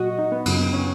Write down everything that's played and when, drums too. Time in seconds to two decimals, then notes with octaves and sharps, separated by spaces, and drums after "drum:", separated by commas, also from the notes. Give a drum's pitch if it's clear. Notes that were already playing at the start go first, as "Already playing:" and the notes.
Already playing: A#2 F#3 F#4 D#5
0.19 D#4
0.32 B3
0.46 F#2 C#3 F#3 B3, drum: cymbal
0.60 B3
0.73 C#4